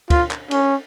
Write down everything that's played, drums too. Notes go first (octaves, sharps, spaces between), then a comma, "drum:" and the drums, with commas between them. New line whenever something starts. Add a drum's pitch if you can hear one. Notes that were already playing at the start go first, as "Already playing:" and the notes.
F4, drum: kick, cymbal
drum: clap
C#4, drum: cymbal